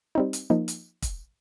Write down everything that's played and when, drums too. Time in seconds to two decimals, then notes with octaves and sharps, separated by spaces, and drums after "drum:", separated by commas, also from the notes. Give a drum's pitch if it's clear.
0.15 G3 C4 D#4
0.33 drum: hi-hat
0.50 F3 A#3 D#4
0.68 drum: hi-hat
1.02 drum: kick, hi-hat